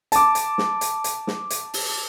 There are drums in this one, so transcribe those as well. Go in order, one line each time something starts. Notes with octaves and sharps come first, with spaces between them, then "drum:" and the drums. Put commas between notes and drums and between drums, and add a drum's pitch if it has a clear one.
A5 D6, drum: hi-hat
drum: hi-hat
drum: snare
drum: hi-hat
drum: hi-hat
drum: snare
drum: hi-hat
drum: open hi-hat